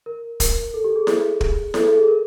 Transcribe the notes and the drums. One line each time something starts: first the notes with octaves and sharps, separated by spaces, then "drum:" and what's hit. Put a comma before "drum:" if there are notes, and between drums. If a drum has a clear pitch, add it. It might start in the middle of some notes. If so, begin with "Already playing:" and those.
A#4
A#4, drum: kick, hi-hat
A4
G4
G#4
drum: snare E4
drum: kick
A4, drum: snare E4
A4
G#4
A#4